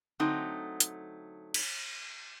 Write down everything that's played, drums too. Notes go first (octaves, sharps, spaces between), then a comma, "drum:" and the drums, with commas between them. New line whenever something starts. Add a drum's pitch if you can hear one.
D3 F#3 A3 C4 D#4
drum: hi-hat
drum: cymbal